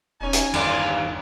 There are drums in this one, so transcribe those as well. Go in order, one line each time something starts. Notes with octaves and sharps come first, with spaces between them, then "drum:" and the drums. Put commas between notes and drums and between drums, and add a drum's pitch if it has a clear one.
E1 C#4 D#4 G#5
drum: hi-hat
G1 E2 D#3 B4 D5 F5 C6, drum: cymbal